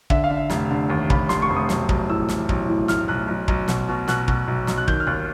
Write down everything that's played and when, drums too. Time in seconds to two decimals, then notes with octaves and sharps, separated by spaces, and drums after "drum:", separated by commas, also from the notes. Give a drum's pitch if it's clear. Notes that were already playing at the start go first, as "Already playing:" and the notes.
0.10 D3 E5, drum: kick
0.24 F5
0.30 D3
0.37 E5
0.50 F1, drum: snare
0.71 D3
0.90 D#2
1.10 D#2 B5, drum: kick
1.29 F1 C6, drum: snare
1.42 C#6
1.50 F1
1.56 D#6
1.69 B1, drum: snare
1.89 B1, drum: kick
2.09 A2 E6
2.29 E3, drum: snare
2.49 B1, drum: kick
2.68 A2
2.88 A2 F6, drum: snare
3.08 B1 F#6
3.28 B1
3.48 B1, drum: kick
3.68 B2, drum: snare
3.88 B2
4.08 B2 F#6, drum: snare
4.28 B2, drum: kick
4.48 B1
4.67 B1, drum: snare
4.77 F#6
4.88 D#3 G6, drum: kick
5.00 F6
5.07 D#2 F#6